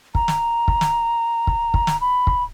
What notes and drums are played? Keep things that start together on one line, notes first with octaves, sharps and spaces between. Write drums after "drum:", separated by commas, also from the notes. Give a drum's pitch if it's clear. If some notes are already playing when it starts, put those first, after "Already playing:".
A#5, drum: kick
drum: snare
drum: kick
drum: snare
drum: kick
drum: kick
drum: snare
B5
drum: kick